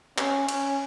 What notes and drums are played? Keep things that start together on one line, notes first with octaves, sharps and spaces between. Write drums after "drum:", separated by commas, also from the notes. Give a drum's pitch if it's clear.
C#4, drum: clap
C#4, drum: cymbal